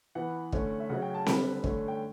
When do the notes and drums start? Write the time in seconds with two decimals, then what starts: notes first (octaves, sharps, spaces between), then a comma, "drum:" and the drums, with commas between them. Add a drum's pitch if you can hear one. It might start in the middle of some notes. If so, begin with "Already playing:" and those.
0.15 E3 B3 F#5
0.52 D3 A3 C#4, drum: kick
0.80 E5
0.89 C#3 F#3 C#4 F#5
1.02 G5
1.14 A5
1.26 D3 G3 B3 B5, drum: snare C4
1.64 D3 A3 C#4, drum: kick
1.88 G5